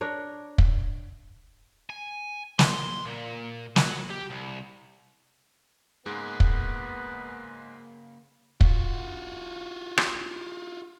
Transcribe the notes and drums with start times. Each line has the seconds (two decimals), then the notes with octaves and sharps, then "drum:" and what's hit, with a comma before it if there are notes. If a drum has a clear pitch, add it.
0.01 D4 A#4 C#5
0.58 drum: kick
1.90 G#5
2.59 C6, drum: snare
3.06 A#2
3.76 F#3, drum: snare
4.10 G4
4.30 C2
6.06 G#2 C#3 G#3 A#3 B3 B4
6.40 drum: kick
8.61 F4 F#4, drum: kick
9.97 drum: rim click